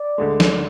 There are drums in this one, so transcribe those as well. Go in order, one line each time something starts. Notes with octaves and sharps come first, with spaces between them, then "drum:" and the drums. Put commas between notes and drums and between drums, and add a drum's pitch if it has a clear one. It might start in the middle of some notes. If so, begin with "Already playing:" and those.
Already playing: D5
D2 D3 G#3
drum: snare